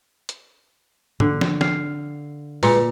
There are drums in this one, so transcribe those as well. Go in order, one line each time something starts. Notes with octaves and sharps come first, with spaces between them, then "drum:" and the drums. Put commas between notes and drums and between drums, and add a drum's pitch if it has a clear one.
drum: hi-hat
D3, drum: tom
drum: snare
F5, drum: snare
A#2 G#3 B4 C#7, drum: open hi-hat